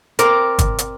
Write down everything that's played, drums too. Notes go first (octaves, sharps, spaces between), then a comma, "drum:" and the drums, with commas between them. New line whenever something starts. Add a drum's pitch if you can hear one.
C4 A#4 D5, drum: hi-hat
drum: kick, hi-hat
drum: hi-hat